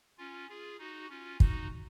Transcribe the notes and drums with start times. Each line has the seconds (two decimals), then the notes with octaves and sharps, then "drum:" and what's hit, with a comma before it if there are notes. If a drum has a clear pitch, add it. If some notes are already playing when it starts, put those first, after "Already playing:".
0.18 C#4 F4
0.49 F4 G#4
0.79 D#4 F#4
1.09 C#4 F4
1.40 D#4 F#4, drum: kick